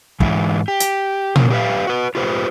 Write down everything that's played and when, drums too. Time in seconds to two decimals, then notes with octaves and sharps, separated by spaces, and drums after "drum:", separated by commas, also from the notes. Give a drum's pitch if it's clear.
0.20 G#2 E3 E4, drum: kick
0.68 G4
0.80 drum: hi-hat
1.36 C#3 F3 A#3, drum: tom A#2
1.51 G4 A#4 B4 C#5 E5 F5
1.87 F#4 B4
2.15 F4 G4 B4 C5